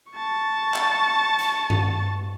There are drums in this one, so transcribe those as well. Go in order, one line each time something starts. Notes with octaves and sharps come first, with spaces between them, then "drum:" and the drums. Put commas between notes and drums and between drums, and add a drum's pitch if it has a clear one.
A5 C#6
drum: clap
drum: hi-hat
drum: tom G2